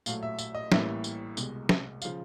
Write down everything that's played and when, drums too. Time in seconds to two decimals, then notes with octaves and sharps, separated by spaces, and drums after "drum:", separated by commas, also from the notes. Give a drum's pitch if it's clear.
0.06 A#1 A2 F#3 A3 F5, drum: tambourine
0.23 E5
0.39 E5, drum: tambourine
0.55 D#5
0.72 A1 A2 E3 G3 A#3 E5, drum: snare
1.04 drum: tambourine
1.37 C2 B2 G#3, drum: tambourine
1.69 drum: snare
2.02 F5, drum: tambourine
2.05 C#3 F3